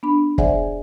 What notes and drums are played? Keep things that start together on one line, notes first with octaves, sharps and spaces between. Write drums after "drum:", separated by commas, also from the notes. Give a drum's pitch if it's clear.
B3 D4 B5
G#4 C5 D5 E5 F#5 G#5, drum: kick